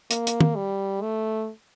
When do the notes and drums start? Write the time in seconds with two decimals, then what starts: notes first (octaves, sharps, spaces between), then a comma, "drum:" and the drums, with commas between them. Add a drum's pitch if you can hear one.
0.11 A#3, drum: hi-hat
0.27 drum: hi-hat
0.41 drum: tom
0.56 G3
1.02 A3